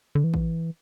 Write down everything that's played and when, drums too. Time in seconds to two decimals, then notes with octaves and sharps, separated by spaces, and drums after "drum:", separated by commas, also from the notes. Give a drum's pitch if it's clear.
0.15 D3
0.24 E3
0.34 drum: kick